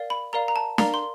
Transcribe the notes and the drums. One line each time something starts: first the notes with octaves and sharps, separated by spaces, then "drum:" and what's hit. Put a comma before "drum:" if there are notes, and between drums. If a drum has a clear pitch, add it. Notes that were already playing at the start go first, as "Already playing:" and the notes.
Already playing: A#4 D5 F5
B5
A#4 D5 F5 A#5
A#5
A5
A#4 D5 F5 A#5, drum: snare
C6